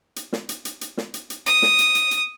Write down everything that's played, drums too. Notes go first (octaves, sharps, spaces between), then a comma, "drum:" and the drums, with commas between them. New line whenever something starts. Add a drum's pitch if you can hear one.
drum: hi-hat
drum: snare
drum: hi-hat
drum: hi-hat
drum: hi-hat
drum: snare
drum: hi-hat
drum: hi-hat
D#6, drum: hi-hat
drum: snare
drum: hi-hat
drum: hi-hat
drum: hi-hat